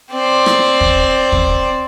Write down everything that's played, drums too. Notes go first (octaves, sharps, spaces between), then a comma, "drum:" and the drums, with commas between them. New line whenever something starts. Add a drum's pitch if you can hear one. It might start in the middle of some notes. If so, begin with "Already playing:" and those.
C4 D5
drum: rim click
drum: kick
drum: kick